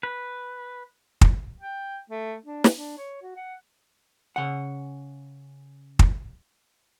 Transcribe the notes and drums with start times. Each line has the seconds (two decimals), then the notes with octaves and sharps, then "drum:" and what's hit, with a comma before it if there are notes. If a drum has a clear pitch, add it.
0.03 B4
1.21 drum: kick
1.61 G5
2.10 A3
2.46 D4
2.64 drum: snare
2.75 D4
2.98 C#5
3.23 F#4
3.36 F#5
4.36 C#3 F#5
5.99 drum: kick